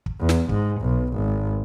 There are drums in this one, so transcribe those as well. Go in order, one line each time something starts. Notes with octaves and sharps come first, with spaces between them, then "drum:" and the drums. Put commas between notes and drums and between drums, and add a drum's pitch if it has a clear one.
drum: kick
E2
drum: snare
G#2, drum: kick
B1
G#1